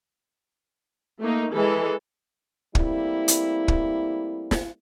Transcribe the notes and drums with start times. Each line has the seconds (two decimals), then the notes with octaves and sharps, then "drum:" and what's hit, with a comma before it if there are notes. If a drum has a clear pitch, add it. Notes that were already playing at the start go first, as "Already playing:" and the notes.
1.21 A3 A#3 D#4
1.53 E3 G#3 A4
2.75 G3 A3 A#3 C4 E4, drum: kick
3.28 drum: hi-hat
3.68 drum: kick
4.51 drum: snare